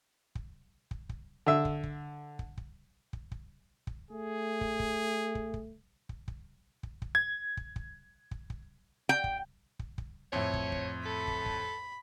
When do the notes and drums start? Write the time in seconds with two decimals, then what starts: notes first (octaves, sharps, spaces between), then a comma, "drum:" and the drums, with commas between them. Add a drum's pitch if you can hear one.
0.35 drum: kick
0.91 drum: kick
1.09 drum: kick
1.46 D3 E5
1.65 drum: kick
1.83 drum: kick
2.39 drum: kick
2.58 drum: kick
3.13 drum: kick
3.32 drum: kick
3.87 drum: kick
4.11 A3 G#4
4.61 drum: kick
4.80 drum: kick
5.35 drum: kick
5.54 drum: kick
6.09 drum: kick
6.28 drum: kick
6.83 drum: kick
7.02 drum: kick
7.15 G#6
7.57 drum: kick
7.76 drum: kick
8.31 drum: kick
8.50 drum: kick
9.09 G5
9.24 drum: kick
9.79 drum: kick
9.98 drum: kick
10.33 F2 A2 C#5
10.53 drum: kick
10.72 drum: kick
11.06 A4 B5
11.27 drum: kick
11.46 drum: kick